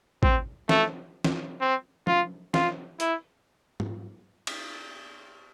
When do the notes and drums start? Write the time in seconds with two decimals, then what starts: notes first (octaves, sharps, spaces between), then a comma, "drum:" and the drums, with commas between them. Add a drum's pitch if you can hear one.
0.23 C4, drum: kick
0.69 A3, drum: snare
1.24 drum: snare
1.61 C4
2.07 F4, drum: tom F3
2.54 F4, drum: snare
3.00 E4, drum: hi-hat
3.80 drum: tom G#2
4.47 drum: cymbal